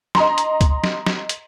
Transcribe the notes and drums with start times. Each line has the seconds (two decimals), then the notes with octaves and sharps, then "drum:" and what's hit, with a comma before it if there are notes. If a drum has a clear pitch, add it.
0.15 D#5 A#5 C6, drum: snare
0.38 drum: hi-hat
0.61 drum: kick C#2, hi-hat
0.84 drum: snare
1.07 drum: snare
1.29 drum: hi-hat